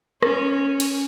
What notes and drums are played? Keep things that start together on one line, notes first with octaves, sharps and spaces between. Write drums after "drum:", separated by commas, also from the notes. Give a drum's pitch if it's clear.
C#4, drum: rim click
drum: cymbal